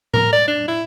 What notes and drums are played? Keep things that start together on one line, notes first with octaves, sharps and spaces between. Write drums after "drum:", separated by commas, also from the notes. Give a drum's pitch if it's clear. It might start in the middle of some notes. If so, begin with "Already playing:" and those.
A#4, drum: tom A2
D5
D4
E4